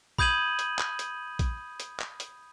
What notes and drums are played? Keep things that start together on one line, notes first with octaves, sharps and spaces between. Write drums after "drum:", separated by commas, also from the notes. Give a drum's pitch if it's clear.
B5 D#6 G6 G#6 D#7 F#7, drum: kick A#1
drum: hi-hat
drum: clap
drum: hi-hat
drum: kick A#1, hi-hat
drum: hi-hat
drum: clap
drum: hi-hat